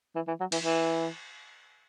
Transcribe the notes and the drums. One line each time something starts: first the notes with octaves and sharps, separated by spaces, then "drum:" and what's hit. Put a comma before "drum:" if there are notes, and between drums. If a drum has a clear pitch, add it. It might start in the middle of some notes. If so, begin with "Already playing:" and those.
E3
E3
F#3
E3, drum: cymbal
E3